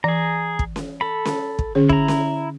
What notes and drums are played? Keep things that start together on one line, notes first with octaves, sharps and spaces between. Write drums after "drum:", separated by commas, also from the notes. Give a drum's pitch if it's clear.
E3 G#4 A#5
drum: kick
drum: snare C#4
A4 B5
drum: snare C#4
drum: kick
D3 C#4 G#4
E4 A#5, drum: kick
drum: snare C#4